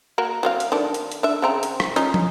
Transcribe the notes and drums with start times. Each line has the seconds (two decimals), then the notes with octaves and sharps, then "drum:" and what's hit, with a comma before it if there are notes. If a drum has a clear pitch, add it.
0.18 A#3 F#4 A#4
0.43 F#3 C4 F5
0.60 drum: hi-hat
0.72 D#3 A3 D4
0.94 drum: hi-hat
1.12 drum: hi-hat
1.23 D4 E5
1.42 C#3 C4 A#5
1.63 drum: hi-hat
1.80 drum: rim click
1.96 C#4 D#4 F4, drum: hi-hat
2.14 drum: tom